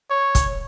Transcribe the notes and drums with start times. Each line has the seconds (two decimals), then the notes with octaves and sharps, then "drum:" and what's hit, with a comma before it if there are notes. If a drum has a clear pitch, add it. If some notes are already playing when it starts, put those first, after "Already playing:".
0.10 C#5
0.35 drum: kick, hi-hat